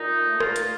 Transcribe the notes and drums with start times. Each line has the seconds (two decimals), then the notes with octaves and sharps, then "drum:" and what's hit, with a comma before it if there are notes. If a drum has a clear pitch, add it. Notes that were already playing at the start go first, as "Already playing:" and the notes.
Already playing: A#2 D#4
0.09 A3
0.25 A3
0.40 A#2 F4, drum: rim click
0.56 A#2, drum: hi-hat